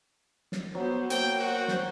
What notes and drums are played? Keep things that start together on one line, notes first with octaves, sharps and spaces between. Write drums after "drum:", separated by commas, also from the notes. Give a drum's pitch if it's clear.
drum: snare
F#3 B3 C5
A#3 C5 G5, drum: hi-hat
F#4
drum: snare